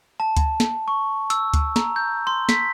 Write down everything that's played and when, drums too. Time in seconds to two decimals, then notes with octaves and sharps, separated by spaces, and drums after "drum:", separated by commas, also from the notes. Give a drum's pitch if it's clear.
0.20 A5
0.37 drum: kick D2, hi-hat
0.60 drum: snare
0.88 C#6
1.30 E6, drum: hi-hat
1.54 drum: kick D2, hi-hat
1.76 A#5, drum: snare
1.96 G6
2.27 C6
2.49 B6, drum: snare